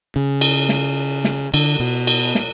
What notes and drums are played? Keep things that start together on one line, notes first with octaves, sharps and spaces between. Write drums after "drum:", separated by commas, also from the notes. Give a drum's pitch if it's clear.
C#3
drum: cymbal
drum: snare
drum: snare
D3, drum: cymbal
B2
drum: cymbal
drum: snare